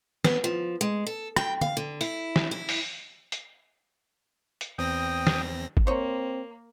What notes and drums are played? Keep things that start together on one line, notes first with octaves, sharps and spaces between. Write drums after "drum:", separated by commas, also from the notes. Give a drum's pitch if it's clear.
B3, drum: snare
F3
G#3
A4
G5, drum: rim click
F5, drum: tom
D3
E4, drum: hi-hat
drum: snare
E4
drum: open hi-hat
drum: hi-hat
drum: hi-hat
E2 C4 G5 D#6 A#6
drum: snare
drum: kick G#1
A#3 C4 C5 C#5